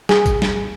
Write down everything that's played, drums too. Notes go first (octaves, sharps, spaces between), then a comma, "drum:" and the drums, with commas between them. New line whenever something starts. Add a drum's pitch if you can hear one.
G#4, drum: snare
drum: kick, tambourine
drum: snare